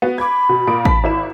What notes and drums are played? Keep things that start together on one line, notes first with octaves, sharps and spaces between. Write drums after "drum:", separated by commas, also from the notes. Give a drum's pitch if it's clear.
B3 F#4
B5 D6 G#6
B2
A#2 D#6 D7
A5 B6, drum: kick A1
G#1 E4 E7